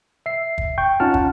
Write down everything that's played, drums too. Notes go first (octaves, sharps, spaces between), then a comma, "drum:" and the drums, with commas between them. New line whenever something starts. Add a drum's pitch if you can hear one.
E5 C7
drum: kick
G5 C#6 G6
C#4 D#4 F4 F#5 A5 F6
drum: kick